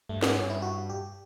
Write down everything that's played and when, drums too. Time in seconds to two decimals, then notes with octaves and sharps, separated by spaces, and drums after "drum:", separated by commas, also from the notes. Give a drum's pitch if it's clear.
0.09 G2 A3
0.23 G#2 B3, drum: snare
0.35 G2 C#4
0.50 E4
0.62 F#4
0.90 G4